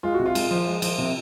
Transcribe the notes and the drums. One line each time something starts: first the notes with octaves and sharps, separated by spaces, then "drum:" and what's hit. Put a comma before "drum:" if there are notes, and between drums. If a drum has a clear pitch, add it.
G#3 F4
F#4
C3
F4
G#3, drum: cymbal
F3
G#3
F3, drum: cymbal
C3